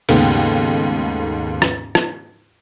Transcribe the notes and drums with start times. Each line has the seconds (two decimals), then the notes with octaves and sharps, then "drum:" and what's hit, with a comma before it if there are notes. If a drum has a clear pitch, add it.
0.09 D#2 G#2 C#3 A3 B3, drum: cymbal
1.62 drum: rim click
1.95 drum: rim click